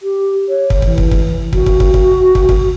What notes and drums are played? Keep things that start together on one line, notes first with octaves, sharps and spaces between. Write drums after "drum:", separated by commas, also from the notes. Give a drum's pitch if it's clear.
G4
C#5
drum: kick
E3, drum: kick
drum: kick
drum: kick
F#4, drum: kick
drum: kick
drum: kick
drum: kick
drum: kick
drum: kick